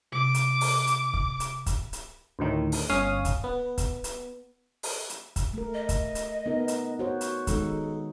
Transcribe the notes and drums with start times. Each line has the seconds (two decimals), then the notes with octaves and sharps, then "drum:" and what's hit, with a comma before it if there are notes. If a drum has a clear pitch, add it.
0.12 C3 D6
0.34 drum: hi-hat
0.61 drum: open hi-hat
0.87 drum: hi-hat
1.14 drum: kick
1.40 drum: hi-hat
1.66 drum: kick, hi-hat
1.93 drum: hi-hat
2.39 D2 A2 D#3
2.72 drum: open hi-hat
2.89 G1 C#4 F5 D#6
3.25 drum: kick, hi-hat
3.44 B3
3.78 drum: kick, hi-hat
4.04 drum: hi-hat
4.83 drum: open hi-hat
5.10 drum: hi-hat
5.36 drum: kick, hi-hat
5.53 A3 A#4
5.74 D#5
5.89 drum: kick, hi-hat
6.15 drum: hi-hat
6.46 B3 D#4 A#4
6.68 drum: hi-hat
6.99 F#4 C5 C#5
7.21 drum: hi-hat
7.47 D#3 G#3 D#4 A4, drum: kick, hi-hat